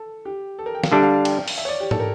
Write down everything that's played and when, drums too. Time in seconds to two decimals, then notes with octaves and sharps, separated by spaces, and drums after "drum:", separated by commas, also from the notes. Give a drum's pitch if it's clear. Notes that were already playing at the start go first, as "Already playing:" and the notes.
Already playing: A4
0.25 G4
0.59 A4
0.66 A#4
0.75 G5
0.84 F5, drum: snare
0.92 D3 G3 D4 E5
1.03 F5
1.25 G5, drum: cymbal
1.48 drum: open hi-hat
1.58 E5
1.65 C#5
1.69 D5
1.80 G4
1.91 A4, drum: tom G#2
2.00 A#4